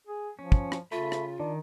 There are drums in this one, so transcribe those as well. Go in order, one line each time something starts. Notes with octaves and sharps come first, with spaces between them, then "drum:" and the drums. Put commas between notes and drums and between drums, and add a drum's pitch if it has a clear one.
G#4
F3 C#4
drum: kick
drum: rim click
C#3 A3 F4 B5
drum: rim click
D#3 D4